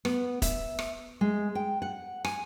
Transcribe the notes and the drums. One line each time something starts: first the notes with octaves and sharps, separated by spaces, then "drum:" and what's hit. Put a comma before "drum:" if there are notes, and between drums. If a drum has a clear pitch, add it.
B3, drum: rim click
E5, drum: kick, hi-hat
drum: rim click
G#3
G5
F#5
G#5, drum: rim click